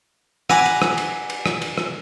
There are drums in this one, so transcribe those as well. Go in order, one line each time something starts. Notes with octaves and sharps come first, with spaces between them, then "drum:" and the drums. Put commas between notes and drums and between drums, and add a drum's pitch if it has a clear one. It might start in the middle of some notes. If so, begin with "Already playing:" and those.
F#5 G#5 A#5 B5 D6, drum: rim click
drum: cymbal
drum: rim click
drum: cymbal
drum: cymbal
drum: rim click
drum: cymbal
drum: rim click